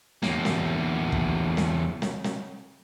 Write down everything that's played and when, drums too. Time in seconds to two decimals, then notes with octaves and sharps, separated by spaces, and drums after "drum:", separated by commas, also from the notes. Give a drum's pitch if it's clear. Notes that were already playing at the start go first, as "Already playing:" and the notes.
0.23 E2 A#3, drum: snare
0.45 drum: snare
1.12 drum: kick
1.57 drum: snare
2.02 drum: snare
2.24 drum: snare